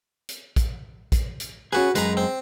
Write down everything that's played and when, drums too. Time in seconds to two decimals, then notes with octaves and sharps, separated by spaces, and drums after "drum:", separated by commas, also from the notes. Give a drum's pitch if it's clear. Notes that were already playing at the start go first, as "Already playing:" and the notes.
0.29 drum: hi-hat
0.56 drum: kick, hi-hat
1.12 drum: kick, hi-hat
1.40 drum: hi-hat
1.73 C#4 F#4 G#4 B4
1.95 F#2 G#3 B4 A#5, drum: hi-hat
2.17 C4